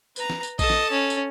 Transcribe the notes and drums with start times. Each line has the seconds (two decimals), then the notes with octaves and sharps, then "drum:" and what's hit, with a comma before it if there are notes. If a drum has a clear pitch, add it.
0.16 B4 A#5, drum: tambourine
0.30 drum: snare
0.43 drum: tambourine
0.59 A4 D#5 A5, drum: kick A#1, tambourine
0.70 drum: snare
0.91 C#4
1.10 drum: tambourine